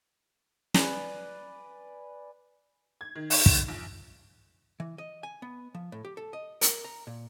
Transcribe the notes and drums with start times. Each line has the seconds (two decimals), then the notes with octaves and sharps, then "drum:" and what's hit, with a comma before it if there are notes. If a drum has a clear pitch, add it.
0.74 B4 D5 G#5, drum: snare
3.01 G#6
3.15 D#3
3.30 D#4, drum: open hi-hat
3.46 D#3, drum: kick
3.68 A#1
4.80 E3
4.98 D#5
5.23 G#5
5.42 B3
5.75 F3
5.92 A2
6.05 G4
6.17 A4
6.33 D#5
6.61 A#4, drum: hi-hat
6.84 A#5
7.07 A#2